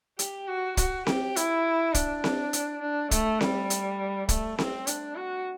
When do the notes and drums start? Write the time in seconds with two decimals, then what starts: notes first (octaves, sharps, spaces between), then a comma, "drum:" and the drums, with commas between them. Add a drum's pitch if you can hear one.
0.19 G4, drum: hi-hat
0.48 F#4
0.77 F#4, drum: kick, hi-hat
1.07 G4, drum: snare C4
1.36 E4, drum: hi-hat
1.94 D4, drum: kick, hi-hat
2.24 drum: snare C4
2.53 drum: hi-hat
2.82 D4
3.11 A3, drum: kick, hi-hat
3.41 G3, drum: snare C4
3.70 drum: hi-hat
4.29 A3, drum: kick, hi-hat
4.58 C4, drum: snare C4
4.87 D4, drum: hi-hat
5.16 F#4